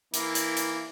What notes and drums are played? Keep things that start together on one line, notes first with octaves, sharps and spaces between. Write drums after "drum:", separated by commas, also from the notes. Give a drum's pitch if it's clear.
E3 A#3 E4, drum: hi-hat
drum: hi-hat
drum: hi-hat